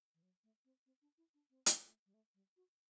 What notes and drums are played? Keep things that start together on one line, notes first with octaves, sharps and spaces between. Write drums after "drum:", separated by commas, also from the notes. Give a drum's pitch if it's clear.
E3
F#3
A3
C4
C4
D4
E4
D4
C4
drum: hi-hat
A3
G3
A3
G3
F#4